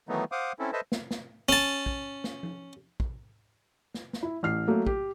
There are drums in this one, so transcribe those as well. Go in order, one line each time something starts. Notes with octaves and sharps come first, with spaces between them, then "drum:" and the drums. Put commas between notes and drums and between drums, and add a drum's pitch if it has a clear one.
D#3 E3 F#3 A3 B3 D#4
C5 F5 F#5 D6 D#6
C4 C#4 E4 A4
A4 B4 C5 D#5 E5 A5
drum: snare
drum: snare
C#4 A5
drum: kick A#1
drum: snare
drum: tom F3
drum: kick A#1
drum: snare
drum: snare
E4
A1 F6 C7
F#3 A3 A#3
G4, drum: kick A#1